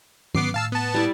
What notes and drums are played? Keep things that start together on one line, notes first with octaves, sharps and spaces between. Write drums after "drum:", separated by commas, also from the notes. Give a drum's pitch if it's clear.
G#2 F#3 B3 C#4 D6 C7, drum: tom D#3
A2 F5 A5 E6
B3 A5
G3 E4 D5